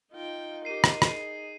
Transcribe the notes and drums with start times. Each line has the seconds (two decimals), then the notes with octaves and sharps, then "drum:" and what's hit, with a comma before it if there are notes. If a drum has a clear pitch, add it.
0.13 D#4 F4 G5
0.65 G4 A#4 C7 D#7
0.84 drum: rim click
1.02 G#4, drum: rim click